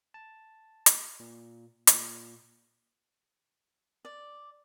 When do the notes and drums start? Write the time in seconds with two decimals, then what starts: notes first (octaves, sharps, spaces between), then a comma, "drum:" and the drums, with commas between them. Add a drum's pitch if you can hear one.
0.14 A5
0.86 drum: hi-hat
1.20 A#2
1.87 A#2, drum: hi-hat
4.05 D5